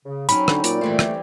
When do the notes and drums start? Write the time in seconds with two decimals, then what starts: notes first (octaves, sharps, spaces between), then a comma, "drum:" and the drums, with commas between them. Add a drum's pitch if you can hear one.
0.05 C#3
0.29 F#3 C4 C#4 D#4 B5, drum: hi-hat
0.48 D3, drum: rim click
0.64 A#2 D5, drum: hi-hat
0.81 E3 G3 A3 C5
0.99 drum: rim click